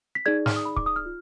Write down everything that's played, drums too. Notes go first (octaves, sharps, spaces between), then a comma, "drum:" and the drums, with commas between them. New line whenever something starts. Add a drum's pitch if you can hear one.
B6
D#4 G#4 D5 G#6
F6, drum: snare
D#6
B5
D6, drum: kick C#1
D#6
F6
F4